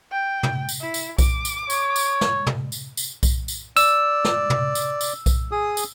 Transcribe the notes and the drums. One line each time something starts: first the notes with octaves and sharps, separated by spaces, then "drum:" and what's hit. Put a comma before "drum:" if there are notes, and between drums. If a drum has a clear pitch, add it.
G5
drum: tom
drum: tambourine
E4
drum: tambourine
D6, drum: kick B1, tambourine
drum: tambourine
C#5, drum: tambourine
drum: tambourine
drum: snare
drum: tom
drum: tambourine
drum: tambourine
drum: kick B1, tambourine
drum: tambourine
D5 E6, drum: tambourine
drum: snare
drum: tom
drum: tambourine
drum: tambourine
drum: kick B1, tambourine
G#4 D#6
drum: tambourine